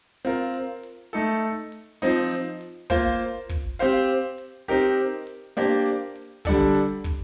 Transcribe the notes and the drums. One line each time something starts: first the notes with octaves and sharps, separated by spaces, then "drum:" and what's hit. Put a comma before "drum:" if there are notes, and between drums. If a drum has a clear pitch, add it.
C4 F4 A#4, drum: open hi-hat
drum: hi-hat
drum: hi-hat
A3 D#4 A4
drum: hi-hat
F3 C4 D#4, drum: snare
drum: hi-hat
drum: hi-hat
A#3 F4 C5, drum: kick, open hi-hat
drum: kick, hi-hat
C4 G4 C5 F5, drum: open hi-hat
drum: hi-hat
drum: hi-hat
C4 D#4 G4 A#4
drum: hi-hat
A#3 D4 G4 C5, drum: snare
drum: hi-hat
drum: hi-hat
D3 G3 D4 A4, drum: kick, open hi-hat
drum: open hi-hat
drum: kick